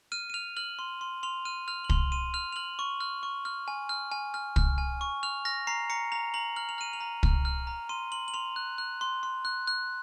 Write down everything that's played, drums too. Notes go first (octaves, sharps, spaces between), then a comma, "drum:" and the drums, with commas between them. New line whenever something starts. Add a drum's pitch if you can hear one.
F6 D#7
D#7
F6 F7
F6 F#7
C6
C6
C6 F7
F6 D#7
F6 F7
F#7
C6 F7, drum: kick
C6 D#7
F6 F7
F7
F6 F#7
C#6
F6
C#6
F6
G#5
F6
G#5
F6
F6, drum: kick
G#5
C#6
F6 F7
F6 A#6
A#5 C7
A#5 C#7
A#5 F7
A#5 F#7
F6 F#7
F7
F6 D#7
F7
A#5
F6, drum: kick
F6
A#5
C6 D#7
C6 F#7
F#7
C6 F7
F#6
F#6
C6
C6
F#6
F#6